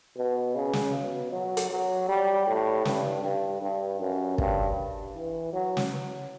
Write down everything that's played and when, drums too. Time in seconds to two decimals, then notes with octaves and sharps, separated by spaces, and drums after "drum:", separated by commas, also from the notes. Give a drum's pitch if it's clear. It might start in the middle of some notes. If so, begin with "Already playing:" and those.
0.17 B2
0.55 C#3
0.73 drum: snare
0.94 B2
1.32 F#3
1.57 drum: hi-hat
1.70 F#3
2.08 G3
2.47 A2
2.85 G2, drum: snare
3.23 G2
3.62 G2
4.00 F#2
4.38 G2, drum: kick
5.15 E3
5.53 F#3
5.77 drum: snare